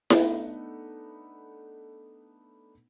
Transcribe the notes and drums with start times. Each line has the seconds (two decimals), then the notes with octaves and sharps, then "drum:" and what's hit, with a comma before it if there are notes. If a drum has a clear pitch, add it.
0.10 A3 B3 D4 D#4, drum: snare E4